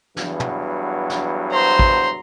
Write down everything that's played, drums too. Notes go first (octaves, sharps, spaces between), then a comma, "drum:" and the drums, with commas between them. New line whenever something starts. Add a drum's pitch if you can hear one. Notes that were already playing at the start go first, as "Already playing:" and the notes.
E2 G2 F#3, drum: snare
drum: tom
drum: snare
C5 A#5 C6
drum: kick A1